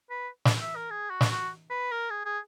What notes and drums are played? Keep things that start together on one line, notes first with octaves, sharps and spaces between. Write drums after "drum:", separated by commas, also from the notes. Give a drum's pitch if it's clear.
B4
drum: snare
E5
A#4
G#4
F#4
drum: snare
F#4
B4
A#4
G#4
G#4